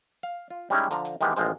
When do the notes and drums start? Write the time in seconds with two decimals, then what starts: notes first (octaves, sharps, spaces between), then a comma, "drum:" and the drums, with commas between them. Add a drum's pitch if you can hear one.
0.23 F5
0.50 F4
0.70 G3 G#3 C#4 D#4 E4
0.91 D3 F3 A#5, drum: hi-hat
1.05 drum: hi-hat
1.21 D#3 E3 G#3 B3 G4 C5, drum: hi-hat
1.36 A1 F3 G#3 C5, drum: hi-hat